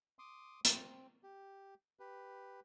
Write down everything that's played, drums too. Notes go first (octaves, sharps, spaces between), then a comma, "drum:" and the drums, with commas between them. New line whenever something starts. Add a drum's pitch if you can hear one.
C6 D6 D#6
C4, drum: hi-hat
G4
G4 B4